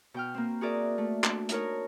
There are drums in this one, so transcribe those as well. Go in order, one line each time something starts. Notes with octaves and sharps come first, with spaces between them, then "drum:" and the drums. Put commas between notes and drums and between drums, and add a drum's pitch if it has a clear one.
B2 G5 F6
A#3 C4
F#4 G#4 A#4 D5 E5
A3
D4, drum: clap
D4 D#4 A#4 C#5, drum: hi-hat